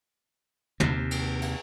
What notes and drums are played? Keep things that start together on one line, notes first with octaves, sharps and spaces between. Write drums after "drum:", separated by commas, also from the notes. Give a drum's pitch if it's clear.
D#2 C3, drum: tom
drum: cymbal
drum: cymbal